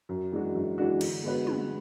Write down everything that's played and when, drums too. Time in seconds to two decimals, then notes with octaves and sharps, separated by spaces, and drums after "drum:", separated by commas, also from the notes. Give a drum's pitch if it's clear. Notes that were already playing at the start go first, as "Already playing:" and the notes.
0.09 F#2
0.32 E3 G#3 D4 F#4
0.55 F#2
0.78 E3 G#3 D4 F#4
1.01 D3, drum: cymbal
1.23 G#3 B3 F#4 B4
1.47 D3, drum: tom